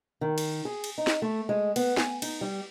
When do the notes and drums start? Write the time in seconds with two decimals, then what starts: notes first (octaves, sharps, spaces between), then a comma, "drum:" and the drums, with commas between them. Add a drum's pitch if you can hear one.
0.21 D#3
0.38 drum: cymbal
0.65 G#4
0.84 drum: cymbal
0.98 D#4
1.07 drum: snare
1.22 A3
1.49 G#3
1.76 B3, drum: cymbal
1.97 G#5, drum: snare
2.22 D#4, drum: cymbal
2.41 G3